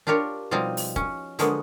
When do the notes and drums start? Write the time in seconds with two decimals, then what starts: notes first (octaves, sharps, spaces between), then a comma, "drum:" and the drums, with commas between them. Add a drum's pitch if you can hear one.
0.07 D4 F4 G4 A#4 C#5
0.51 B2 F3 G3 C4 D#4 F4
0.77 drum: open hi-hat
0.96 C#4, drum: kick F1
1.39 D3 F3 F#3 G#3 A#3 B3, drum: hi-hat